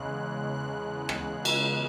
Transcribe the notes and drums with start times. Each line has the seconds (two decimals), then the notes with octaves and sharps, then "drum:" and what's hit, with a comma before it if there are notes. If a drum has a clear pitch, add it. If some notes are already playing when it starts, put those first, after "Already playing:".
Already playing: E2 C#3 G#3 F#6
0.54 F#6
1.09 F#6, drum: rim click
1.45 drum: cymbal